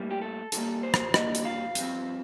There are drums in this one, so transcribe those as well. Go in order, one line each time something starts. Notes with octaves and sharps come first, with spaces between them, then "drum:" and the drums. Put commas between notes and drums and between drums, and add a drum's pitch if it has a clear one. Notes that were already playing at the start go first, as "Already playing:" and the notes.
Already playing: A2 G3 A#3
G4
A4
D#2 D#3 G3 A#3 A4, drum: hi-hat
C5
drum: rim click
D#2 D3 G3 A#3 D#5, drum: rim click
drum: hi-hat
F5
G2 F3 C4, drum: hi-hat